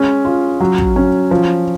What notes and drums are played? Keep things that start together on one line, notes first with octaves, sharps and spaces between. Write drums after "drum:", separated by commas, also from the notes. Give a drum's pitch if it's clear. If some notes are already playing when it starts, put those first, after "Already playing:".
Already playing: G#3 C#4
F4
F#3
drum: kick
C#4
F3